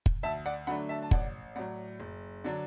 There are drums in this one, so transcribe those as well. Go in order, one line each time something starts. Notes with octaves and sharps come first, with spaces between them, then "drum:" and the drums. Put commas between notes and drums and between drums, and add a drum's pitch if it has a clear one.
drum: kick
D2 E5 A5
D5 F#5
D3 F#3 A3 D4 F#5 B5
E5 A5
A5
A1 D5 F#5, drum: kick
A2 F#3 D5 F#5
F#1
D3 F#3 D4